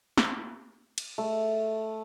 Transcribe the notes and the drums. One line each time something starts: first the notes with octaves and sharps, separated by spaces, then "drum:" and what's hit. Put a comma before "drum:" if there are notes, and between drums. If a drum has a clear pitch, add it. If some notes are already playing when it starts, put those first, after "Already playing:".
drum: snare
drum: cymbal
A3